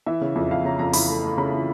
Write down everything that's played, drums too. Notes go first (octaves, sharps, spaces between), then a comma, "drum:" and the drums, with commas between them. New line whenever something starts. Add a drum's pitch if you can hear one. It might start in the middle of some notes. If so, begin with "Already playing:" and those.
E3 E5
C#3
F2
F2 F5
C#3 A#5
F2 A#5
E3 B5, drum: open hi-hat
A3
A3
C#3 B5
E3